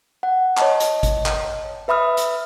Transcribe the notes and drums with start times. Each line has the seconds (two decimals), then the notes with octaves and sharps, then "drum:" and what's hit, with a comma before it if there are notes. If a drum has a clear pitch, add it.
0.23 F#5
0.57 C#5 D#5 A5, drum: clap
0.80 drum: hi-hat
1.03 drum: kick G#1, hi-hat
1.26 drum: clap
1.88 B4 E5 B5 D#6 F6
2.17 drum: hi-hat